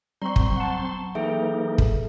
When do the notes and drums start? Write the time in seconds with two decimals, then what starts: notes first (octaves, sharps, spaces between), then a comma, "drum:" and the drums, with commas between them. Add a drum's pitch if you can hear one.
0.22 F#3 G3 C4 A#5 C6 C#6
0.36 drum: kick
0.57 F#5 A5
1.15 E3 A#3 D#4 G#4 A4 E5 G5
1.78 drum: kick